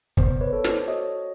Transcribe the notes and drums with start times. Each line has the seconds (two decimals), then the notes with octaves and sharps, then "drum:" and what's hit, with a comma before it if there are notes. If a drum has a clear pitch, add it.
0.17 B3 C5 D5, drum: kick
0.41 B4 C#5
0.53 A4
0.64 C5 D5, drum: snare
0.87 F#4 C#5 D#5